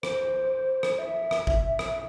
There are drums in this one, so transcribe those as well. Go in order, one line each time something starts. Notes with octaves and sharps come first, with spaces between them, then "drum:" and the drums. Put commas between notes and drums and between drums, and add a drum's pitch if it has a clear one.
C5, drum: rim click
drum: rim click
E5
drum: rim click
drum: kick G1
drum: rim click